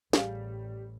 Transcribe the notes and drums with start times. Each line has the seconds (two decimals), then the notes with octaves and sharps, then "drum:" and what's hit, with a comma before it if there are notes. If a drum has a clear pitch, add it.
0.13 A1 G3 G#4 F5, drum: snare